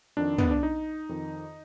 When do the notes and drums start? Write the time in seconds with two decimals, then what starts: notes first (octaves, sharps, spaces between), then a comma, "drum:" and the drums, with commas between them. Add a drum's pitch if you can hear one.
0.17 F2 D#3 D4
0.38 B3, drum: tom
0.51 D4
0.63 D#4
1.09 F2 D#3